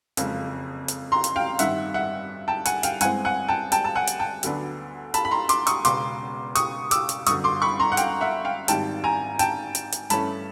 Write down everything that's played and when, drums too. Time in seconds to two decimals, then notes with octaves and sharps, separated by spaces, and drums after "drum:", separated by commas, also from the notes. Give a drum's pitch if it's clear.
0.17 F#1 F2 C#3 F3 G#3, drum: hi-hat
0.88 drum: hi-hat
1.12 A#5 C6
1.24 drum: hi-hat
1.36 F5 G5
1.59 A1 G2 D#3 E5 F#5, drum: hi-hat
1.94 E5 F#5
2.48 G5 A5
2.65 F#5 G#5, drum: hi-hat
2.83 F5 G5, drum: hi-hat
3.01 G2 E3 G#3 C4 F#5 G#5, drum: hi-hat
3.25 F#5 G#5
3.48 G5 A5
3.72 G5 A5, drum: hi-hat
3.84 A5
3.95 F#5 G#5
4.07 drum: hi-hat
4.19 G5 A5
4.43 D2 D3 F#3 B3 D4, drum: hi-hat
5.14 A5 B5, drum: hi-hat
5.25 B5
5.31 A#5 C6
5.49 C6 D6, drum: hi-hat
5.67 C#6 D#6, drum: hi-hat
5.85 E1 E2 C#3 C6 D6, drum: hi-hat
6.55 C#6 D#6, drum: hi-hat
6.91 D6 E6, drum: hi-hat
7.09 drum: hi-hat
7.26 G1 F#2 D3 C#6 D#6, drum: hi-hat
7.44 C6 D6
7.62 B5 C#6
7.79 A#5 C6
7.92 F#5
7.97 F5 G5, drum: hi-hat
8.21 E5 F#5
8.45 F5 G5
8.68 G#1 G#2 D#3 G3 G5 A5, drum: hi-hat
9.04 G#5 A#5
9.39 G5 A5, drum: hi-hat
9.75 drum: hi-hat
9.92 drum: hi-hat
10.10 G2 E3 A3 C#4 A5 B5, drum: hi-hat